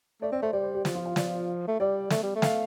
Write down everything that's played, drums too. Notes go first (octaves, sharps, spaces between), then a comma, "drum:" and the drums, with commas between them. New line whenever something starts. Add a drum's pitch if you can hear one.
A3 D5
C4 D5
A3 C5
G3 D5
C5
G4
F3, drum: snare
F4
F5
F3 D5, drum: snare
A3
G3 D5
A3, drum: snare
G3
A3
F5, drum: snare